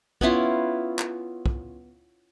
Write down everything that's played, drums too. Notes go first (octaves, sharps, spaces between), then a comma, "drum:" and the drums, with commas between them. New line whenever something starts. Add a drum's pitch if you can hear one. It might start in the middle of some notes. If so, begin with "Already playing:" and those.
B3 C#4 E4 F4, drum: kick
drum: clap
drum: kick